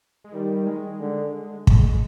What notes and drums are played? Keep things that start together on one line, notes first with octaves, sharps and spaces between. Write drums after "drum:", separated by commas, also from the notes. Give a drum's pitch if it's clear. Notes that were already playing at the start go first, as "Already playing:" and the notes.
G#3
D#3 G3
G#3
D3
A3, drum: kick
G#3
G#3